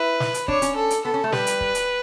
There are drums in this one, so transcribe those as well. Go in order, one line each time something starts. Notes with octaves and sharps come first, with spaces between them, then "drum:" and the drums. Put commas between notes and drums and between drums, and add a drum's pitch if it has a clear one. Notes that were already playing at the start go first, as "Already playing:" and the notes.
Already playing: E4 B4
drum: snare
drum: hi-hat
D4 C#5, drum: kick
C#4, drum: hi-hat
A4
drum: hi-hat
B3 A4
C#4
A3
G3 B4, drum: snare
drum: hi-hat
drum: kick
drum: hi-hat